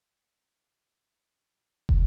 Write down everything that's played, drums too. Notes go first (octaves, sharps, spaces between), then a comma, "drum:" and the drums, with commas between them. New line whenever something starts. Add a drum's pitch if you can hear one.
A#3
A2 C#3 F#5 G#5
A2 A3 B3
E2 E4 F4 A#4
drum: kick